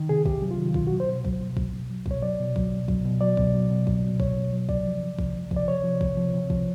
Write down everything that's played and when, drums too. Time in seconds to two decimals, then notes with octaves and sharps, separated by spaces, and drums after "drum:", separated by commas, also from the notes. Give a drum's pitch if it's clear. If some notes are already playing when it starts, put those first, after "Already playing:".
Already playing: D#3
0.09 C3 G#4
0.26 C3 G4, drum: kick
0.42 F#3
0.51 F4
0.58 D#3
0.74 B2 F4, drum: kick
0.87 F#4
0.91 F#3
1.00 C5
1.07 B2
1.25 F#3, drum: kick
1.41 B2
1.57 F#3, drum: kick
1.73 B2
1.90 F#3
2.06 B2 C#5, drum: kick
2.22 F#3 D5
2.39 B2
2.56 F#3, drum: kick
2.72 B2
2.88 F#3, drum: kick
3.05 B2
3.21 F#3 D5
3.37 B2, drum: kick
3.55 F#3
3.70 B2
3.87 F#3, drum: kick
4.04 B2
4.20 F#3 C#5, drum: kick
4.36 B2
4.53 F#3
4.69 C3 D5, drum: kick
4.86 F3
5.02 C3
5.19 F3, drum: kick
5.35 C3
5.51 F3, drum: kick
5.56 D5
5.68 C3 C#5
5.84 F3
6.01 C3, drum: kick
6.17 F3
6.33 C3
6.50 F3, drum: kick